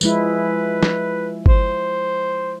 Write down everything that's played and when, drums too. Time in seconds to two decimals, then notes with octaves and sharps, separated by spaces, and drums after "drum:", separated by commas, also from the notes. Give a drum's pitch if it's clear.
0.01 F3 G#3 E4 B4, drum: tambourine
0.83 drum: snare
1.46 C5, drum: kick G1